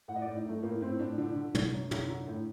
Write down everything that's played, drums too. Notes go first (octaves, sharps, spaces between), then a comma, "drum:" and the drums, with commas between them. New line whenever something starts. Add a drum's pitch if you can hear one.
A2 F#5
D#5
A2 D5
D#4
A2 A3
A2 A#3
A2 C4
A2 D4
D3 D4
D3
D3, drum: tom
F#2
F#2, drum: tom
D3
A2